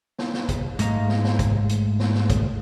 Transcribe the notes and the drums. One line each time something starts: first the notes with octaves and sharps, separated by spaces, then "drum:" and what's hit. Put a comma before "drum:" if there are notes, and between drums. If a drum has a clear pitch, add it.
drum: snare
drum: snare
drum: kick, hi-hat
G#2 G#3 A3 D#5 F5 A#5, drum: hi-hat
drum: snare
drum: snare
drum: kick, hi-hat
drum: hi-hat
drum: snare
drum: snare
drum: kick, hi-hat